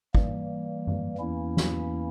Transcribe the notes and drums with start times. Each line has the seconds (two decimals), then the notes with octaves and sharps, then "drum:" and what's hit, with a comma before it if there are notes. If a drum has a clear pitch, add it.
0.15 E3 G3 A#3, drum: kick
0.87 drum: tom F#2
1.18 E2 E3 A#3 C#4 E4
1.57 drum: snare